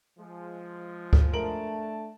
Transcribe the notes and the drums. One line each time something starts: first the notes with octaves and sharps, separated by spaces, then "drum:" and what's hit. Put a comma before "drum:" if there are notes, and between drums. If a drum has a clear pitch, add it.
F3 G#3
drum: kick D2
A3 D4 A#4 A5 D7 F#7